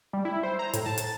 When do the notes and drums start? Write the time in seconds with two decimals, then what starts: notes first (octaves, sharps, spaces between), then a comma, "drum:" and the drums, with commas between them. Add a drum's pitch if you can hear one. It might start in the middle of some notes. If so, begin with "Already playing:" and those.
0.13 G3
0.25 E4
0.43 C5
0.59 A#5
0.73 A2, drum: hi-hat
0.86 A5
0.98 A6, drum: hi-hat